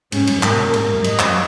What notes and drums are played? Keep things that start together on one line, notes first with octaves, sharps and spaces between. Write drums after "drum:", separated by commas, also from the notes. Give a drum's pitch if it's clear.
G#2 C#4, drum: cymbal
F#2, drum: cymbal
G#2 A#4, drum: clap
B2
A#2
G#2, drum: cymbal
G#2
F#2
G#2 D#5, drum: cymbal
F#2, drum: clap